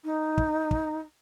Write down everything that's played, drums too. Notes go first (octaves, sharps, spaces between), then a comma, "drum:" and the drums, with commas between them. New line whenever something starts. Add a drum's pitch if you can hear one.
D#4
drum: kick
drum: kick